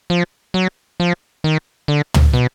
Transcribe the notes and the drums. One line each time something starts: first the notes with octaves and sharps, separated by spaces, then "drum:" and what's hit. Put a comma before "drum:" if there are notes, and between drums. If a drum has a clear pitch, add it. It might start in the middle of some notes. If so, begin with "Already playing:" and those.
F3
F#3
F3
D#3
D3
drum: tom
B2